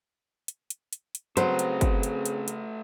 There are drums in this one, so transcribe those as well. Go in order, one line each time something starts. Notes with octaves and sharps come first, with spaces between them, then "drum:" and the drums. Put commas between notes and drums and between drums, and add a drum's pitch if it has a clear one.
drum: hi-hat
drum: hi-hat
drum: hi-hat
drum: hi-hat
C#3 F#3 A3 C4 G#4 B4 C5, drum: hi-hat
drum: hi-hat
drum: kick, hi-hat
drum: hi-hat
drum: hi-hat
drum: hi-hat